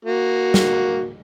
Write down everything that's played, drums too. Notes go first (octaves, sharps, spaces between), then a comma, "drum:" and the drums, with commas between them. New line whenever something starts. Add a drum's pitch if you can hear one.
A#3 F#4
drum: snare